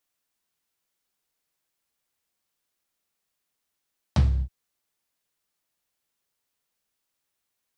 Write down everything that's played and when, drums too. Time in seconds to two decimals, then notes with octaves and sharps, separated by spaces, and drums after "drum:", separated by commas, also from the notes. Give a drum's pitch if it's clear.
0.01 A#3 C5 G#5
0.20 G#4 G5 A5 G6
0.37 B4 C5 G5 G#5 F#6
0.66 D5 G5 G#5 B5 D6
2.36 D#2 E7
2.68 G3 D4
3.56 G3
4.16 drum: tom
5.25 D#5 A5